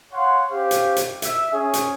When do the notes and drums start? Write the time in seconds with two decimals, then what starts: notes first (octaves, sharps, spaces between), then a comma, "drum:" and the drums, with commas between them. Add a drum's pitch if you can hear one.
0.12 C#5 F5 F#5 C6
0.49 C#4 G4 C5 F5
0.71 drum: hi-hat
0.96 drum: hi-hat
1.22 E5, drum: hi-hat
1.52 C#4 G#4
1.74 drum: hi-hat